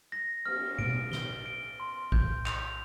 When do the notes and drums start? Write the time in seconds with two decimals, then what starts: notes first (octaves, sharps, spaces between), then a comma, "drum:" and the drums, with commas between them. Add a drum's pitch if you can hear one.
0.12 A#6
0.46 F6, drum: cymbal
0.79 D7, drum: tom B2
1.12 G7, drum: snare
1.46 D7
1.80 C6
2.12 G6, drum: kick
2.46 F7, drum: clap